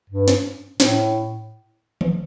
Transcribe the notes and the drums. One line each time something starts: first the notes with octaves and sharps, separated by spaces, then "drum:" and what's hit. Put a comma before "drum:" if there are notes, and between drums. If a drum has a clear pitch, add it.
G2
drum: snare
A2, drum: snare
drum: tom D#3